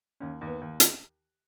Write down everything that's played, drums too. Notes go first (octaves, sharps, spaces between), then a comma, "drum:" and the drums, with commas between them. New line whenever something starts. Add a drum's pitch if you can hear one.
D#2 C#4
D#2
B3
D#2
drum: hi-hat